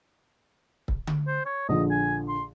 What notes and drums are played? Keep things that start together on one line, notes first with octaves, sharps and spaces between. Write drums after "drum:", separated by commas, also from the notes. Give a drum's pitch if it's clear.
drum: kick
drum: tom D3
C5
C#5
A#1 D3 F3 D#5
G#5
C6